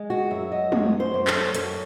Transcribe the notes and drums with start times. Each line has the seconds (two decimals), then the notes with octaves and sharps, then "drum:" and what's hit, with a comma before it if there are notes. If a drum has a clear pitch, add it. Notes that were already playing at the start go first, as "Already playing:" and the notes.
Already playing: G#3
0.10 F#4
0.31 F#2 E5
0.52 D#5
0.72 F#2 C#5, drum: tom
1.00 C5
1.14 F#2
1.27 A4, drum: clap
1.54 F#2 C#5, drum: hi-hat